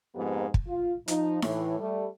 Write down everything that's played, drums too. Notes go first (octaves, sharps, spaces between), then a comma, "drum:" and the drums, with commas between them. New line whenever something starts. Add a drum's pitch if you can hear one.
F2 G#2 F3 A#3 B3 G4
drum: kick
F4
F3 D#4, drum: hi-hat
A2 E3, drum: snare D#4
G3 A3